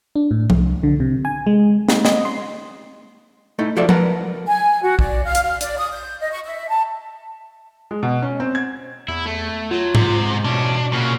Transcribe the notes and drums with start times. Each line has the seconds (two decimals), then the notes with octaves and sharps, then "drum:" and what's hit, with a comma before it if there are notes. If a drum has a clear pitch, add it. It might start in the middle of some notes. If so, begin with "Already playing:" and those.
0.16 D4
0.31 A2
0.50 C2, drum: tom F3
0.83 D3
1.00 C3
1.25 G#5
1.47 G#3
1.89 D#4, drum: snare
2.05 D#5, drum: snare
2.25 C6
3.59 A3 D#4 E4
3.76 F3 F#3 F4 A4 D5 E5
3.89 A#4 B4 F#5 A5 A#5, drum: tom F3
4.48 G#5
4.82 F#4
4.99 D5, drum: kick
5.25 F5
5.35 drum: hi-hat
5.44 F5
5.61 D5, drum: hi-hat
5.78 D#6
5.92 G6
6.20 D#5
6.32 C#6
6.44 E5
6.69 A5
7.91 G#3
8.03 B2
8.22 C#4
8.40 C4
8.55 G#6
9.08 E2 E4
9.26 A3
9.71 F#3 F4
9.95 G#2 C3, drum: tom G#2
10.44 E2 B2 C#4 D4
10.93 A#2 C#3 C#4 F#4